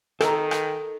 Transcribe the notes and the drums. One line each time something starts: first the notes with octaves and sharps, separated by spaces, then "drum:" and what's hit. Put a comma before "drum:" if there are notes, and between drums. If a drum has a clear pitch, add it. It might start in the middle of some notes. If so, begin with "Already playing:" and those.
D#3 A4 A#5, drum: rim click
drum: rim click